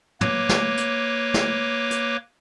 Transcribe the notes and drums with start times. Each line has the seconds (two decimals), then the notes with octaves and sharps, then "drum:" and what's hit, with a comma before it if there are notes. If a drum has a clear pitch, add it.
0.21 A#3 B4 C#5 D6, drum: tom
0.49 drum: snare
0.77 drum: hi-hat
1.34 drum: snare
1.91 drum: hi-hat